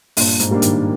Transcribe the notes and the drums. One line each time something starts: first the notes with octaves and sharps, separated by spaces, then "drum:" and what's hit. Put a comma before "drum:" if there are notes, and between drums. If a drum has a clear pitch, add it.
G2 A#2, drum: open hi-hat
G#2, drum: hi-hat
G3 A#3 D4
D#3, drum: hi-hat